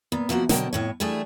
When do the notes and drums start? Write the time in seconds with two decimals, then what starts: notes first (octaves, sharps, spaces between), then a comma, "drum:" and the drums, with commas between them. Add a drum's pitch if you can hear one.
0.12 A#2 B3
0.29 C3 F3 A3 A#3 F#4
0.49 B2 D3 F#3 A#4 G5 A5, drum: snare
0.73 F2 A2 C#5
1.00 E3 G3 A3 D4 G#4